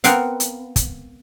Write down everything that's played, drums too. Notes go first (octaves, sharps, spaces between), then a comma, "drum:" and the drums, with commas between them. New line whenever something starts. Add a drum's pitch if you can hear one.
B3 C4 A#4 F5 F#5, drum: hi-hat
drum: hi-hat
drum: kick, hi-hat